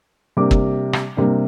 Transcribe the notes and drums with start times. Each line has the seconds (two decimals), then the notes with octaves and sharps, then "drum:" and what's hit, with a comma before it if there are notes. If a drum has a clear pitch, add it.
0.37 C3 G3 A#3 D4 D6
0.51 drum: kick
0.93 drum: rim click
1.17 C3 G3 A#3 D4